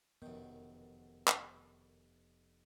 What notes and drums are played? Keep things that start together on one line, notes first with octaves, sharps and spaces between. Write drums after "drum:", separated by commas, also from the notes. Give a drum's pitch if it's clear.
F1 F#2 D#3 B3 G6
drum: clap